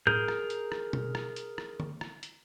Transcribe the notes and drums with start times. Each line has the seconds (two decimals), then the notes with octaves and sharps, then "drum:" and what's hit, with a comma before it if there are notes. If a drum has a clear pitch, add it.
0.07 G#4 A#4 G6, drum: tom A2
0.28 drum: rim click
0.50 drum: hi-hat
0.72 drum: rim click
0.93 drum: tom B2
1.15 drum: rim click
1.36 drum: hi-hat
1.58 drum: rim click
1.80 drum: tom
2.01 drum: rim click
2.23 drum: hi-hat